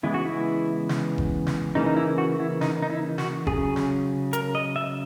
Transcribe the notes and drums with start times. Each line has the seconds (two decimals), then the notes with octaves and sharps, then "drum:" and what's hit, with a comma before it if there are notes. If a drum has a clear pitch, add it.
0.03 C#3 E3 G#3 B3 E4
0.14 F#4
0.25 E4
0.89 drum: snare
1.18 drum: kick F#1
1.47 drum: snare
1.75 C#3 E3 A#3 C#4 D#4
1.86 D#4
1.96 E4
2.18 F#4
2.40 E4
2.61 D#4, drum: snare
2.82 D#4
2.90 E4
3.18 F#4, drum: snare
3.47 C#3 F#3 C#4 G#4, drum: kick F#1
3.76 drum: snare
4.33 A#4, drum: hi-hat
4.55 D#5
4.76 E5